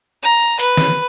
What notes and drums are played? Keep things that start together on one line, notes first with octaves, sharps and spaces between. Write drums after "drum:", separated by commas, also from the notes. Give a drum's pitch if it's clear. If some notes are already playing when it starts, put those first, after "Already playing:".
A#5
B4, drum: hi-hat
drum: snare